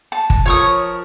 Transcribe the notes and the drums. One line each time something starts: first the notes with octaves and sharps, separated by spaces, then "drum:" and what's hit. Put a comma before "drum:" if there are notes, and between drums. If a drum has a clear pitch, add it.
A5
drum: kick G1
F3 A#4 C#5 C#6 D#6